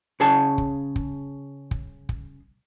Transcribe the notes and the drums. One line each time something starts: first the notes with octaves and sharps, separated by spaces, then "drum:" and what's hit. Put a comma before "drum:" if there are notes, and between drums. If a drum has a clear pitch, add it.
C#3 G#4 A5
drum: kick
drum: kick
drum: kick
drum: kick